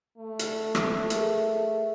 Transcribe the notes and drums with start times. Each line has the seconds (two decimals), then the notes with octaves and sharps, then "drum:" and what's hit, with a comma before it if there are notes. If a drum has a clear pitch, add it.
0.17 A3
0.39 drum: hi-hat
0.75 drum: rim click
1.10 G#4 A#4 E5, drum: hi-hat